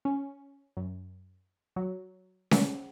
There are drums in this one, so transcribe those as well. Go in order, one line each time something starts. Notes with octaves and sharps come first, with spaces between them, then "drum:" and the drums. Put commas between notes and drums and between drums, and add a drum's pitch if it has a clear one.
C#4
F#2
F#3
drum: snare C#4